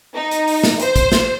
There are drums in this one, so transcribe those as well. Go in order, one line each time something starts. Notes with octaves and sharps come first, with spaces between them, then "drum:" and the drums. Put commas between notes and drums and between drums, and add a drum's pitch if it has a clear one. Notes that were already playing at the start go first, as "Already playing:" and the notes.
D#4
drum: hi-hat
drum: open hi-hat
drum: snare
C5, drum: hi-hat
drum: kick, hi-hat
drum: snare